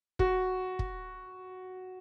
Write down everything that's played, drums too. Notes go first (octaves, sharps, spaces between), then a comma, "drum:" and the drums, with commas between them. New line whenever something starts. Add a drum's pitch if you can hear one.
F#4, drum: kick
drum: kick